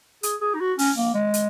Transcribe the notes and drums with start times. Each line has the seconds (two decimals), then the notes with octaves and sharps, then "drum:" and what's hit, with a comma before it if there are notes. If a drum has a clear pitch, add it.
0.23 G#4, drum: hi-hat
0.41 G#4
0.55 D#4
0.61 F#4
0.79 C#4, drum: open hi-hat
0.97 A#3
1.15 G#3
1.34 drum: hi-hat